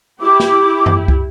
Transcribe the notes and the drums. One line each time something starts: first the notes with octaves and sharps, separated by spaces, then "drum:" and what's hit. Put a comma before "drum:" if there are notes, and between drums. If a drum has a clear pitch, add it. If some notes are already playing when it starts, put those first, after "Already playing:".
E4 G4 D6
drum: snare
drum: tom F#2
drum: kick